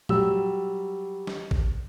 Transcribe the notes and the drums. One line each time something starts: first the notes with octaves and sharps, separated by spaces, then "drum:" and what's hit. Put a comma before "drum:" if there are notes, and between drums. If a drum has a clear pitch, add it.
F#3 G3 E6, drum: tom A#2
drum: snare
drum: kick A1